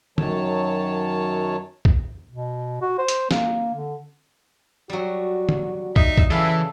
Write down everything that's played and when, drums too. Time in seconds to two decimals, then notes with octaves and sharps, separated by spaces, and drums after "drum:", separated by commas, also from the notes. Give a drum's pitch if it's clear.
0.18 F#2 D#3 F#3 C#5 A5, drum: tom
1.85 drum: kick
2.30 B2
2.82 F#4
2.98 C5
3.08 drum: hi-hat
3.31 A#3, drum: snare
3.75 D3
4.90 F#3 G3 F#4
5.49 drum: tom
5.96 D#4 E5, drum: kick
6.18 drum: kick
6.30 C#3 E3 E4 A4 F5